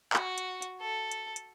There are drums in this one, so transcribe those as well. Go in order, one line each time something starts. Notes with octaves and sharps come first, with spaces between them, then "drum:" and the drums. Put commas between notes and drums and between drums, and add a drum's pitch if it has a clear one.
F#4, drum: clap
drum: hi-hat
drum: hi-hat
A4
drum: hi-hat
drum: hi-hat